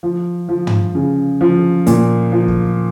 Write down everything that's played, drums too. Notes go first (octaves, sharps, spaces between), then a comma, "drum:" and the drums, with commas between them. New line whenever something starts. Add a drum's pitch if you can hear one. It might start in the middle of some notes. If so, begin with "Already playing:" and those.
F3
F3
drum: tom
C#3
F3
A#2, drum: hi-hat
F3
drum: kick